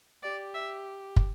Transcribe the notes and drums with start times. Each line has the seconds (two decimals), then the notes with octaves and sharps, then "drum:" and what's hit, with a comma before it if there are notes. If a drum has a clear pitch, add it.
0.23 G4 D5
0.55 E5
1.16 drum: kick